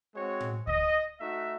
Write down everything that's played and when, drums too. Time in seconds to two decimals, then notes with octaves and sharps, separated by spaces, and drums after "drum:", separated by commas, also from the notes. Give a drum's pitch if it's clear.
0.14 G#3 C4 F#4 C#5
0.41 drum: tom A2
0.67 D#5, drum: kick C#2
1.19 A3 D#4 F#4 E5